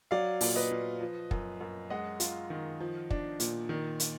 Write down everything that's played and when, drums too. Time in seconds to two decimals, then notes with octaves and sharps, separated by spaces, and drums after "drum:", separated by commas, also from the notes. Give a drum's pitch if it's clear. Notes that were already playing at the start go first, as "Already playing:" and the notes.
0.11 F#3 D5 F5
0.41 A#2, drum: open hi-hat
0.56 B4 D#5
0.71 A#2
1.01 F3
1.31 F#2, drum: kick
1.61 F#2
1.90 G#3 D#5 F#5
2.20 F4, drum: hi-hat
2.50 D#3
2.80 F3
3.10 D4, drum: kick
3.40 A#2, drum: hi-hat
3.69 D#3
4.00 drum: hi-hat